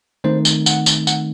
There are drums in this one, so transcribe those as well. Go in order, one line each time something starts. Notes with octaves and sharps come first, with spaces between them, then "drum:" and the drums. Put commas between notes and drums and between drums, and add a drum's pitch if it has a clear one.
D#3 A3 C4 D#4 C5
drum: tambourine
F#5, drum: tambourine
drum: tambourine
F#5, drum: tambourine